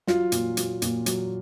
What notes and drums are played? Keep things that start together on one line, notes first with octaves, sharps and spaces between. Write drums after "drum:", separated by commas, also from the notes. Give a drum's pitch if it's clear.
F#3 F4, drum: snare
A#2, drum: hi-hat
F#3, drum: hi-hat
A#2, drum: hi-hat
F#3, drum: hi-hat